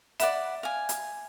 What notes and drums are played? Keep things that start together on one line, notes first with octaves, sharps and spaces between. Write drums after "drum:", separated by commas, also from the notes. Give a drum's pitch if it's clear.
D5 E5 F#5 B5, drum: hi-hat
F5 G#5
drum: hi-hat